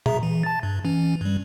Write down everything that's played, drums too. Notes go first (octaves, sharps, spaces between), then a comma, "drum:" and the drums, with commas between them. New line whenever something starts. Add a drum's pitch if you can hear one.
G#4 E5 A#5, drum: tom A#2
E3
A5 A6
G2
E3 C#4
G2 G3